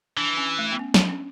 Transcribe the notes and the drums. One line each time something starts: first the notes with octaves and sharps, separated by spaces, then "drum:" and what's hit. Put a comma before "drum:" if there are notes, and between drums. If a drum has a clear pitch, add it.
E3 D4
C#4
A3
B3
C#4
D4, drum: snare
C#4